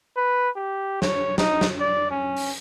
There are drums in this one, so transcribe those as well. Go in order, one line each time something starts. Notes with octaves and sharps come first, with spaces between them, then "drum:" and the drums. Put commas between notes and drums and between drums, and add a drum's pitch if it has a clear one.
B4
G4
C#5, drum: snare
D#4, drum: snare
drum: snare
D5
C#4
drum: open hi-hat